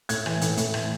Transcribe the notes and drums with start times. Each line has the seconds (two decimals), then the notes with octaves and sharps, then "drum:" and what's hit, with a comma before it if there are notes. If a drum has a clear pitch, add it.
0.09 A2 G#6, drum: hi-hat
0.26 E3, drum: rim click
0.41 A2, drum: hi-hat
0.57 A2, drum: hi-hat
0.74 E3, drum: rim click